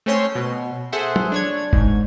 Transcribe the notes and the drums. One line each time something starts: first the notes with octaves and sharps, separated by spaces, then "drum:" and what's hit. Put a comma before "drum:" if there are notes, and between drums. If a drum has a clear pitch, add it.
A3 C4 C#4 C5 C#5 C6
B2
G#4 A4 C5 E5 F#5
drum: tom
D4 C#5 G#6
G#2, drum: kick F#1